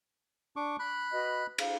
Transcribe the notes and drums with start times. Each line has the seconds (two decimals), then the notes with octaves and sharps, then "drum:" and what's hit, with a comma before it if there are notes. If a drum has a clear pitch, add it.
0.56 D4 C#6 D6
0.79 B5 F#6
1.11 F#4 B4 D#5
1.58 F5, drum: cymbal